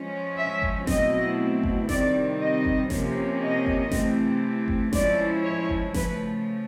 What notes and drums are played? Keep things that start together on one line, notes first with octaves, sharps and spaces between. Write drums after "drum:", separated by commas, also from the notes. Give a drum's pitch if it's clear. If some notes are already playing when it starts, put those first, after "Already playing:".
Already playing: F3 G#3 C#4
E5
drum: kick G1
B2 F#3 A3 C4 E4 D#5, drum: snare G1
drum: kick G1
C3 D#3 G3 C4 D5, drum: snare G1
D#5
drum: kick G1
C3 F3 A#3 C#4, drum: snare G1
D#5
drum: kick G1
C3 E3 A3 C4, drum: snare G1
drum: kick G1
F3 G#3 C#4 E4 D5, drum: snare G1
C#5
drum: kick G1
C#3 F3 A3 B4, drum: snare G1